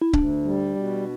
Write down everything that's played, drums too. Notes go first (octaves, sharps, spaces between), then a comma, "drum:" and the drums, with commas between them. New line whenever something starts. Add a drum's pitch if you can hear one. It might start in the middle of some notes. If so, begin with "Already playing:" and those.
E4
D2 D4, drum: kick C#1
G3
B2